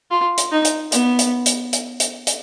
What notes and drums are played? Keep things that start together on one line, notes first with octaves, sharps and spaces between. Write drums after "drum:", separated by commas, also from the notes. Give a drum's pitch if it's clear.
F4
drum: hi-hat
D#4
drum: hi-hat
B3, drum: hi-hat
drum: hi-hat
drum: hi-hat
drum: hi-hat
drum: hi-hat
drum: hi-hat